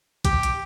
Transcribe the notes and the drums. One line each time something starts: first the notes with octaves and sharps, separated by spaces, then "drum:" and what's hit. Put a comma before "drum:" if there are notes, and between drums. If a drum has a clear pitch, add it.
G4, drum: kick A#1, hi-hat
drum: hi-hat